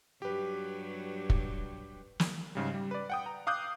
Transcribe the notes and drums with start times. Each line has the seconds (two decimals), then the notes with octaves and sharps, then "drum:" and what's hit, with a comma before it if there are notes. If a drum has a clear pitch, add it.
0.22 G2 F#3 G4 B4
1.30 drum: kick
2.20 drum: snare
2.55 G#2 C#3 G3
2.74 G3
2.91 B4 D5
3.10 F#5 G5 D#6
3.26 A#5
3.47 F5 D6 D#6 F#6 G6